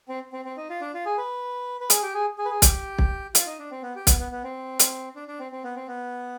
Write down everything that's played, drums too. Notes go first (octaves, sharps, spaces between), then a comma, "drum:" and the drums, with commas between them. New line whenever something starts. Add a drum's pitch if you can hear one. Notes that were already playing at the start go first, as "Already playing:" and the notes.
C4
C4
C4
D#4
F4
D4
F4
G#4
B4
B4
G#4, drum: hi-hat
G4
G#4
G#4
B4
G#4
G4, drum: kick, hi-hat
drum: kick
F4, drum: hi-hat
D#4
D4
C4
B3
G4
B3, drum: kick, hi-hat
B3
B3
C4
drum: hi-hat
D4
D4
C4
C4
B3
C4
B3